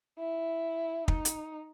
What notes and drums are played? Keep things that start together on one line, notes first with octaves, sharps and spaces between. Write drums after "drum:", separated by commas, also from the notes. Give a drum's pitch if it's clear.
E4
D#4, drum: kick
drum: hi-hat